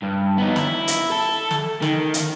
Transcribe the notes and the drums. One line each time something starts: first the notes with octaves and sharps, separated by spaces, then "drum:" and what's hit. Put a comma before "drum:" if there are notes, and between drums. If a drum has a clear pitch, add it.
G2
B3 D#4
E4, drum: snare
drum: hi-hat
A4
drum: snare
D#3, drum: snare
drum: hi-hat